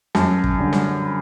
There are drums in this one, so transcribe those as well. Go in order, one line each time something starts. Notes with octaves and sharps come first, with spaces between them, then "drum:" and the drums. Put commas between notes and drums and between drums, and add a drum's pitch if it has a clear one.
F#2 A5, drum: snare
drum: kick
D3 G3
drum: snare
B5